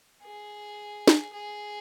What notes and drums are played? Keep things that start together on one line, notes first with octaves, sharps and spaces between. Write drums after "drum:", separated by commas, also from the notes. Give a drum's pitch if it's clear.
G#4
drum: snare
G#4